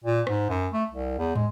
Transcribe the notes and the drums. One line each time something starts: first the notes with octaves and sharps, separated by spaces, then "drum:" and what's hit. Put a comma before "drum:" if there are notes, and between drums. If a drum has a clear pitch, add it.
A#2
G#2, drum: rim click
F#2
A3
C2
E2
G#3, drum: tom